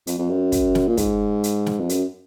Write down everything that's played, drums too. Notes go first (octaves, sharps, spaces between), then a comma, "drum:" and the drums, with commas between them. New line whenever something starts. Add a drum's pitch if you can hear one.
F2, drum: hi-hat
F2
F#2
drum: kick, hi-hat
drum: snare
A#2
G#2, drum: kick, hi-hat
drum: hi-hat
drum: snare
F2
F#2, drum: hi-hat